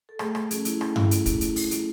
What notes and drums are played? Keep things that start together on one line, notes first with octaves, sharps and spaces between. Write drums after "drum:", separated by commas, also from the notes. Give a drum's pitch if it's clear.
A4
A3 G#4, drum: rim click
A3, drum: rim click
C#4 G#4, drum: hi-hat
E4, drum: hi-hat
E4, drum: rim click
E4, drum: tom G2
E4, drum: hi-hat
drum: kick, hi-hat
drum: hi-hat
drum: open hi-hat
drum: hi-hat